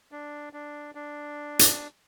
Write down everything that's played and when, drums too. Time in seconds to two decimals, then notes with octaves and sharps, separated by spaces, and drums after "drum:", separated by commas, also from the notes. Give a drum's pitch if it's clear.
0.12 D4
0.53 D4
0.95 D4
1.59 drum: hi-hat